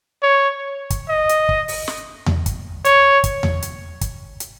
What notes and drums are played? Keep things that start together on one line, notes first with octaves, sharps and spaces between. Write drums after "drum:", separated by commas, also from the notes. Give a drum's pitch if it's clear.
C#5
drum: kick, hi-hat
D#5
drum: hi-hat
drum: kick
drum: open hi-hat
drum: snare
drum: tom E2
drum: kick, hi-hat
C#5, drum: hi-hat
drum: kick, hi-hat
drum: tom E2
drum: hi-hat
drum: kick, hi-hat
drum: hi-hat